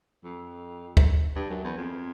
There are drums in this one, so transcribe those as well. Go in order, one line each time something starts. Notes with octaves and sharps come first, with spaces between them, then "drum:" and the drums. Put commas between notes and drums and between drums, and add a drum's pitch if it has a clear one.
F2
drum: kick
G2
F#2
E2
F2